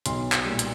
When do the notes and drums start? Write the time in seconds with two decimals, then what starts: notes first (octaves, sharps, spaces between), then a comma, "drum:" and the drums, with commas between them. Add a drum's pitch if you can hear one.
0.06 B1 C6, drum: hi-hat
0.32 drum: clap
0.45 A#2 G3
0.59 drum: hi-hat